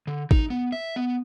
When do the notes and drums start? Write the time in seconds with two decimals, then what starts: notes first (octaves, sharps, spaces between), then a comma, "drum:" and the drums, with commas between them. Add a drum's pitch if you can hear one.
0.07 D3
0.31 D#4, drum: kick
0.50 B3
0.72 E5
0.96 B3